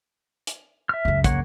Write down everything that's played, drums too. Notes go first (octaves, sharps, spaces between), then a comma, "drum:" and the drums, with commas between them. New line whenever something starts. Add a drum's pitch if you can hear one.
drum: hi-hat
E5 F6
C#2 F#2
A#3 C#5 F#5, drum: kick, hi-hat